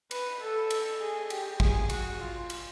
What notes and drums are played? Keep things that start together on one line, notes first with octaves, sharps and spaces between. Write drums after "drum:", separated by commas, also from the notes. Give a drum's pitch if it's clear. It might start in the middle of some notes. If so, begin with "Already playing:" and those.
B4, drum: cymbal
A4
drum: cymbal
G#4
G4, drum: cymbal
G#4, drum: kick
F#4, drum: cymbal
F4
drum: cymbal